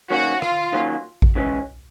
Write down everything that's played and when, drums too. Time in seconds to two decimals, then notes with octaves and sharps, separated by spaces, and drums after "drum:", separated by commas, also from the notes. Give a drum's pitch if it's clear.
0.10 D#3 F#3 A#3 C#4 F#4
0.42 F4, drum: rim click
0.73 D#3 F#3 A#3 C#4
1.22 drum: kick A1
1.36 C#3 E3 G#3 C#4